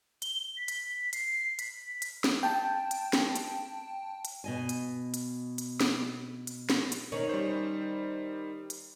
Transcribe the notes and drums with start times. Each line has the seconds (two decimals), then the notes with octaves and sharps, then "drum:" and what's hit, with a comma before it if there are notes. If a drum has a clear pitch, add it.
0.22 G7, drum: hi-hat
0.57 B6
0.68 drum: hi-hat
1.13 C7, drum: hi-hat
1.59 B6, drum: hi-hat
2.02 drum: hi-hat
2.24 drum: snare
2.43 G5 A5
2.91 drum: hi-hat
3.13 drum: snare
3.36 drum: hi-hat
4.25 drum: hi-hat
4.44 B2 D#5 G#5
4.69 drum: hi-hat
5.14 drum: hi-hat
5.58 drum: hi-hat
5.81 drum: snare
6.47 drum: hi-hat
6.70 drum: snare
6.92 drum: hi-hat
7.12 D#3 C#4
7.29 G3 C5
8.70 drum: hi-hat